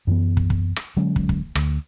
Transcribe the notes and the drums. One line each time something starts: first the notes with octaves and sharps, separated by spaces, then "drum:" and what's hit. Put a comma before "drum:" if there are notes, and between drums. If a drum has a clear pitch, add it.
F#2 E3 B3
drum: kick
drum: kick
drum: rim click
D3 F#3 G#3 C#4
drum: kick
drum: kick
D2, drum: rim click